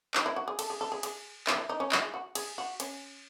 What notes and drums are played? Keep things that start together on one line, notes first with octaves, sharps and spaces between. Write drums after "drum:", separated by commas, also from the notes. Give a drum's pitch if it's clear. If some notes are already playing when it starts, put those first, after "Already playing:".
D#4, drum: clap
E4
F#4
G#4
A4, drum: cymbal
G#4
A4
G#4
G#4, drum: cymbal
E4, drum: clap
E4
D#4
C#4
E4, drum: clap
G#4
F#4
G#4, drum: cymbal
F#4
C#4, drum: cymbal